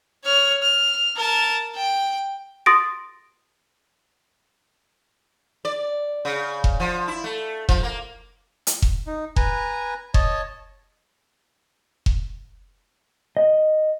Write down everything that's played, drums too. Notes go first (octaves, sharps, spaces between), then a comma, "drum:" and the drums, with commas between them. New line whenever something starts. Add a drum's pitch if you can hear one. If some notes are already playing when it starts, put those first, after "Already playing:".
C#5 F6
F6
A#4 A5
G5
C6 D#6 A6 A#6 D7
D5
C#3
drum: kick F1
F3
E4
A3
F3, drum: kick F1
A#3
drum: hi-hat
drum: kick F1
D#4
B4 G#5 A#5, drum: kick F1
C#5 D#5 A5, drum: kick F1
drum: kick F1
D#5